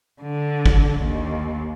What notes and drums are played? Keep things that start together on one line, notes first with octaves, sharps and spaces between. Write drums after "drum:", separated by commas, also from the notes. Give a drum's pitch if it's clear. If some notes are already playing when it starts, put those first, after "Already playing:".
D3
drum: kick
D#2